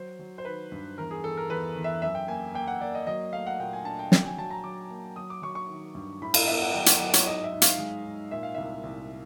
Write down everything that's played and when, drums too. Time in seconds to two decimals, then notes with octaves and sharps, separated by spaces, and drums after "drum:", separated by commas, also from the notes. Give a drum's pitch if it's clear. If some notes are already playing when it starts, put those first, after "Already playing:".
Already playing: F#3 C5
0.19 F#3
0.38 C5
0.45 D#3 B4
0.72 G2
0.98 E2 A#4
1.11 G#4
1.24 E2 A4
1.37 A#4
1.50 E2 B4
1.76 E2
1.84 E5
2.02 F#2 E5
2.15 G5
2.28 A#3 G#5
2.54 A#3 G5
2.68 F#5
2.80 A#3 D5
2.95 D#5
3.07 F#3 D#5
3.33 A3 F5
3.47 F#5
3.60 A#2 G5
3.73 G#5
3.85 D4 A5
3.99 G5
4.12 F#3 G5, drum: snare
4.24 G#5
4.37 F#3 A5
4.51 A#5
4.64 F#3 D6
4.90 A#3
5.16 F#3 D#6
5.30 D6
5.42 F#3 C#6
5.55 C#6
5.68 D#3
5.95 G2
6.22 A2 B5
6.34 F5, drum: cymbal
6.47 B3 E5
6.61 F#5
6.74 F#3 G5
6.86 F#5, drum: hi-hat
6.99 F#3 F#5
7.14 C#5, drum: hi-hat
7.26 G#2 D#5
7.44 E5
7.52 G#2
7.62 F5, drum: hi-hat
7.78 G#3
8.05 G#2
8.31 A#2 E5
8.43 F5
8.54 C2 E5
8.84 C2